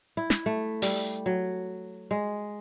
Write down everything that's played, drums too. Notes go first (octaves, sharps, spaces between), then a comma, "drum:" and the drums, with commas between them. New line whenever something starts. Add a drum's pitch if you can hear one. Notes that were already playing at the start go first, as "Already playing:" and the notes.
E4
drum: snare
A3
G3, drum: open hi-hat
F#3
G#3